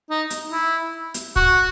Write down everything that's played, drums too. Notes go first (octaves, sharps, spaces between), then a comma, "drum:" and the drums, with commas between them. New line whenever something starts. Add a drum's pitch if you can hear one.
D#4
drum: hi-hat
E4
drum: hi-hat
F#4, drum: kick